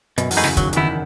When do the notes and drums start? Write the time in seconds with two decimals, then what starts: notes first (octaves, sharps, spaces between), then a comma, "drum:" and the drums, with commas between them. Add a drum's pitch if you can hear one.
0.18 F#2 B2, drum: hi-hat
0.31 E2, drum: open hi-hat
0.37 A3 D#4 G#4 B4
0.44 C#3, drum: snare
0.57 D#3 F#3, drum: kick, hi-hat
0.73 E3, drum: hi-hat
0.76 D#3 B3 E4